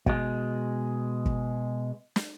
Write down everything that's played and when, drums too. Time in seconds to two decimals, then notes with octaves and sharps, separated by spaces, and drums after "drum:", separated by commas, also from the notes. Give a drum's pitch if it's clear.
0.06 B2 G#3, drum: kick
1.25 drum: kick
2.16 drum: snare